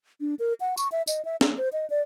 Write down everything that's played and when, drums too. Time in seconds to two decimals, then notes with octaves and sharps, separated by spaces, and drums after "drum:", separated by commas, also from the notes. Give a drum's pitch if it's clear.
0.21 D4
0.39 A#4
0.60 F#5
0.77 C#6, drum: tambourine
0.92 E5
1.07 D#5, drum: tambourine
1.25 E5
1.41 D4, drum: snare
1.57 C5
1.73 D#5
1.90 D5